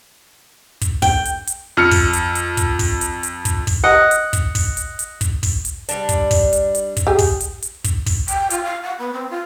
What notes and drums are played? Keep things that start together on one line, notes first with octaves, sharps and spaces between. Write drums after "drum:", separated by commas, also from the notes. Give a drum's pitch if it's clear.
drum: kick, hi-hat
G5, drum: kick, open hi-hat
drum: hi-hat
drum: hi-hat
F2 F6 C#7
drum: kick, open hi-hat
drum: hi-hat
drum: hi-hat
drum: kick, hi-hat
drum: kick, open hi-hat
drum: hi-hat
drum: hi-hat
drum: kick, hi-hat
drum: kick, open hi-hat
D#5 F#5
drum: hi-hat
drum: kick, hi-hat
drum: kick, open hi-hat
drum: hi-hat
drum: hi-hat
drum: kick, hi-hat
drum: kick, open hi-hat
drum: hi-hat
G3 D4, drum: hi-hat
drum: kick, hi-hat
drum: kick, open hi-hat
drum: hi-hat
drum: hi-hat
drum: kick, hi-hat
G4 G#4
drum: kick, open hi-hat
drum: hi-hat
drum: hi-hat
drum: kick, hi-hat
drum: kick, open hi-hat
G5, drum: hi-hat
F4, drum: hi-hat
F5
F#5
B3
C4
F4